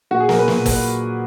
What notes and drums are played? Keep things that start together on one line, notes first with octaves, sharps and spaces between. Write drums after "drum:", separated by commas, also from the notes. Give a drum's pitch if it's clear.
A#2 F#4
G#4
F#3 A#4, drum: snare
B4
A#2, drum: snare
drum: kick, open hi-hat